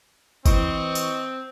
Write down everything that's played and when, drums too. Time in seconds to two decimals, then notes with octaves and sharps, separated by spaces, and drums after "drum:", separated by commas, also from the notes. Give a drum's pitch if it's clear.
0.46 E3 C4 B4 D#5 C#6, drum: kick G1, tambourine
0.95 drum: tambourine